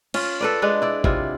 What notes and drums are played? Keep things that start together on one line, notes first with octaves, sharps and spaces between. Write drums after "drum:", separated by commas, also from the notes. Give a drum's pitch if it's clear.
C#4 F4, drum: cymbal
A4 B4 D5
G#3 D4 B4
E4 D5
C3 E4 F4, drum: kick